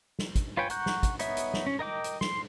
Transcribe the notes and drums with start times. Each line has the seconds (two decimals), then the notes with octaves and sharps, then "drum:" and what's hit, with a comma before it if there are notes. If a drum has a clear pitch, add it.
0.19 drum: snare
0.36 drum: kick, hi-hat
0.57 F4 B4 C#5 G5 G#5
0.70 F#5 A#5 C#6 F#6 G6, drum: hi-hat
0.86 drum: snare
1.03 drum: kick, hi-hat
1.19 B3 D#4 C#5 E5, drum: hi-hat
1.37 drum: hi-hat
1.54 drum: snare
1.67 C#4
1.79 A#4 D#5 G5 D6
2.04 drum: hi-hat
2.21 C6, drum: snare